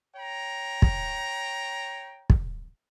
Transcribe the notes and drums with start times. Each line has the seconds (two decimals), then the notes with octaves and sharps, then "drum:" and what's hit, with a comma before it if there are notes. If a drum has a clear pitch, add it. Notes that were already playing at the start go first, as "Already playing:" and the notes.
0.16 C#5 G5 A#5
0.82 drum: kick
2.30 drum: kick